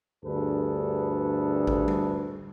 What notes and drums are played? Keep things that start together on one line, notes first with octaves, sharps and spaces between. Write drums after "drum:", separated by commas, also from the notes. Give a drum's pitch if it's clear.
D2 G2 G#4 A4 B4
drum: kick A1
drum: tom G3